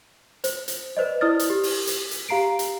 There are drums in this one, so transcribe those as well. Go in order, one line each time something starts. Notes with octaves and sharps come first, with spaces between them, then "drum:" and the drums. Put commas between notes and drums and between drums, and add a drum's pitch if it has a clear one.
C5, drum: hi-hat
drum: hi-hat
B4 C5 D5 D#5
E4 D5 D#6 F6 A6
drum: hi-hat
G4
drum: open hi-hat
drum: hi-hat
drum: hi-hat
G4 F5 A#5 C7 D7
drum: hi-hat